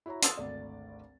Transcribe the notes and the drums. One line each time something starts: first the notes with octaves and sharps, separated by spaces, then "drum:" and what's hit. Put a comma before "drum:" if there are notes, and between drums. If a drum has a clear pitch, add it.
E4 F#4 C#5 E5 A#5
C6 D#6 E6 A6, drum: hi-hat
G#1 D2 D5